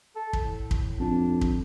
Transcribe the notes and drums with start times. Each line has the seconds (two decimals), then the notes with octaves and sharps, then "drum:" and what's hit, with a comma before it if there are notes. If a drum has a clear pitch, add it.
0.16 A4
0.33 drum: kick
0.42 A2
0.71 drum: kick
1.00 F2 D4
1.41 drum: kick